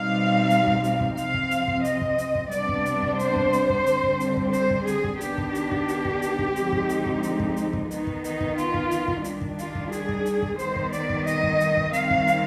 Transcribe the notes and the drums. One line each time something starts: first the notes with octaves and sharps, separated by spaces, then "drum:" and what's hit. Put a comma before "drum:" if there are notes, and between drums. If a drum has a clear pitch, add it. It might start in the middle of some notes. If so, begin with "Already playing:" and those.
Already playing: B2 G3 C4 D#4 F5
drum: hi-hat
drum: kick
drum: hi-hat
drum: kick
C3 F3 C4 F5, drum: hi-hat
drum: kick
drum: hi-hat
drum: kick
D#5, drum: hi-hat
drum: kick
drum: hi-hat
drum: kick
C3 G3 B3 D4 D5, drum: hi-hat
drum: kick
drum: hi-hat
drum: kick
C5, drum: hi-hat
drum: kick
drum: hi-hat
drum: kick
D3 G3 C4, drum: hi-hat
drum: kick
drum: hi-hat
drum: kick
C5, drum: hi-hat
drum: kick
G#4, drum: hi-hat
drum: kick
D#3 B3 D4 G4, drum: hi-hat
drum: kick
drum: hi-hat
drum: kick
drum: hi-hat
drum: kick
drum: hi-hat
drum: kick
D3 F3 G#3 C4 D#4, drum: hi-hat
drum: kick
drum: hi-hat
drum: kick
drum: hi-hat
drum: kick
drum: hi-hat
drum: kick
D#3 B3 D#4, drum: hi-hat
drum: kick
D#4, drum: hi-hat
drum: kick
F4, drum: hi-hat
drum: kick
drum: hi-hat
drum: kick
D#3 G3 D4, drum: hi-hat
drum: kick
F4, drum: hi-hat
drum: kick
G#4, drum: hi-hat
drum: kick
drum: hi-hat
drum: kick
D#3 G3 B3 C5, drum: hi-hat
drum: kick
D5, drum: hi-hat
drum: kick
D#5, drum: hi-hat
drum: kick
drum: hi-hat
drum: kick
D#3 G3 C4 F5, drum: hi-hat
drum: kick
drum: hi-hat